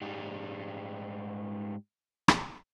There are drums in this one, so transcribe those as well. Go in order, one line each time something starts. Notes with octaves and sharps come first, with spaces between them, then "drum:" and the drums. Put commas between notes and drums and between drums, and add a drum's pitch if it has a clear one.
G#2 G3
drum: rim click